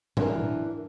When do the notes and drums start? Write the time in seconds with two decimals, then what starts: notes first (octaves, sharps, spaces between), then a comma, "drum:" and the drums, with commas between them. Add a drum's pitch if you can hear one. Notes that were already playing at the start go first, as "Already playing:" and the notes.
0.17 E3 D4 A#4, drum: tom A#2